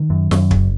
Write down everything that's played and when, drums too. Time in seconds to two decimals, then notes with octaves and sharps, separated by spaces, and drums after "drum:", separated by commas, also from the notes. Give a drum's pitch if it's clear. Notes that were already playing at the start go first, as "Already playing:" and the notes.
Already playing: D#3
0.10 F#2
0.31 F#2, drum: snare
0.51 F#1, drum: kick